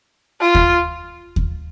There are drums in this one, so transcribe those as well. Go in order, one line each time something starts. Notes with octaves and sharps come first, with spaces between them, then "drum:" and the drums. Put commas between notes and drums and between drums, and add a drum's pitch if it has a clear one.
F4
drum: kick D#2
drum: kick D#2